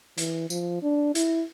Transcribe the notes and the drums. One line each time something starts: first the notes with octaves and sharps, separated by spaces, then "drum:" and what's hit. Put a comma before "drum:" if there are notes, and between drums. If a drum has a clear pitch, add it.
E3, drum: hi-hat
F3, drum: tambourine
D4
E4, drum: hi-hat